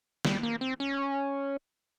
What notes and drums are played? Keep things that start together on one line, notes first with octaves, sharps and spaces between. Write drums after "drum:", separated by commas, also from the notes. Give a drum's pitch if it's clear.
G3, drum: snare
A#3
C4
C#4